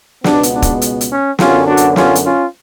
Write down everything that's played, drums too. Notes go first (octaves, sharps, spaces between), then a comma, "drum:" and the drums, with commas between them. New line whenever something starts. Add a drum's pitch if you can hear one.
C#2 B2 G#3 B3 D4, drum: snare
drum: hi-hat
D4
drum: kick, hi-hat
drum: hi-hat
drum: hi-hat
C#4
F#2 D3 F#3 B3 C#4 F4, drum: snare
D4 F#4
drum: hi-hat
C#4 F4, drum: snare
drum: hi-hat
C#4 F4